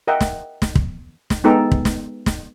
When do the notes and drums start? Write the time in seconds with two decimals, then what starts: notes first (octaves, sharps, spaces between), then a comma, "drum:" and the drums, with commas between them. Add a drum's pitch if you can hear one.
0.07 A#4 D#5 E5 F#5 G5
0.21 drum: snare
0.62 drum: snare
0.75 drum: kick
1.30 drum: snare
1.44 G#3 B3 D#4 A4 G5 A#5
1.71 drum: kick
1.85 drum: snare
2.26 drum: snare